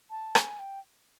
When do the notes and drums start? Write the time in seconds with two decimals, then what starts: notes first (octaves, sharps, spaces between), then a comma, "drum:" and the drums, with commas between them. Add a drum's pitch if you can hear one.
0.11 A5
0.35 G#5, drum: rim click
0.59 G5